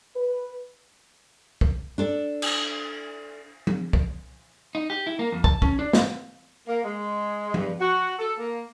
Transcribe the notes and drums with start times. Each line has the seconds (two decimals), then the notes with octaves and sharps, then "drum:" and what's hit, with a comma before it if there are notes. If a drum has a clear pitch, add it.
0.16 B4
1.61 drum: kick
1.98 D4 A4 D5
2.42 drum: cymbal
3.67 drum: tom F3
3.93 drum: kick
4.75 D#4
4.90 G4
5.07 E4
5.19 A#3
5.32 F2
5.44 A5, drum: kick
5.62 C#4, drum: kick
5.79 D4
5.93 G#2, drum: snare
6.67 A#3
6.83 G#3
7.54 G2, drum: tom F3
7.78 F#4
8.19 A4
8.38 A#3